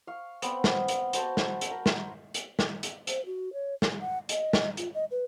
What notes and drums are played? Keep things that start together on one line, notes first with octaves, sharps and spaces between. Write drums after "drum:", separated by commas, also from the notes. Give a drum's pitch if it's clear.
F5 C#6
B3 C4, drum: hi-hat
drum: snare
drum: hi-hat
F#4 C5 A5 C#6, drum: hi-hat
drum: snare
drum: hi-hat
A#4
drum: snare
drum: hi-hat
drum: snare
drum: hi-hat
C5, drum: hi-hat
F#4
C#5
G#4, drum: snare
F#5
D#5, drum: hi-hat
drum: snare
F4, drum: hi-hat
D#5
B4